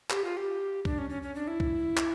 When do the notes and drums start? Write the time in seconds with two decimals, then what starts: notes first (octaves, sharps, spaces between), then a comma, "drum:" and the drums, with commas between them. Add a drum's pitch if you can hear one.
0.10 G4, drum: clap
0.24 F4
0.37 G4
0.85 D4, drum: kick C2
0.98 C#4
1.10 C#4
1.23 C#4
1.35 D4
1.48 E4
1.60 drum: kick C2
1.97 drum: clap